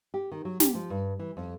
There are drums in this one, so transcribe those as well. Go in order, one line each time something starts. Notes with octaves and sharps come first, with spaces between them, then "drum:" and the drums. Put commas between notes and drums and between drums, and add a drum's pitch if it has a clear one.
G4
D#3
F#3
G4, drum: snare
F3
G2
E3
F2